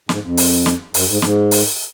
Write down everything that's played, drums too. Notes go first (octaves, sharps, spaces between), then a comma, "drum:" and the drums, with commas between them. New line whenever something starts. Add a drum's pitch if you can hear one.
G#2, drum: snare
F2
drum: open hi-hat
drum: snare
F#2, drum: open hi-hat
G#2
G#2, drum: snare
drum: open hi-hat